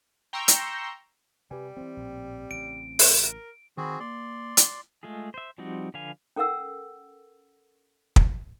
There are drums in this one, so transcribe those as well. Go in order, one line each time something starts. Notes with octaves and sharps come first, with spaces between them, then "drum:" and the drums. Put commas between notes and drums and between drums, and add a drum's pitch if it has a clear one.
G5 A#5 C6 C#6 E6 G6
drum: hi-hat
C3 G3 G4 B4 G#5
E3 F3 C4
A#1 A2
A1 C#3 D7
drum: open hi-hat
A#4
D#3 C4 F#4 G#4 B5
A#3 D5 C6
drum: hi-hat
G#3 A3 F4 G#4
C5 E5
F3 G3 C4 D#4 F#4
D3 F3 B4 F5 G#5
C#4 A4 A#4 F#5 E6
drum: kick